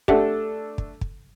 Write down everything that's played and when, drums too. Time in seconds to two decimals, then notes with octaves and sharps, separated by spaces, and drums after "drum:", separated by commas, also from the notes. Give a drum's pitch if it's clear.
0.08 A3 D4 G4 A4 E5 F#5, drum: kick
0.78 drum: kick
1.01 drum: kick